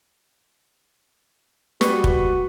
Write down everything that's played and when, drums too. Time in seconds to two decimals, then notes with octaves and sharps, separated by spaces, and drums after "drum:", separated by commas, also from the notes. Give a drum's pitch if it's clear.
1.81 G3 F#4 B4 C#6, drum: snare
2.04 drum: kick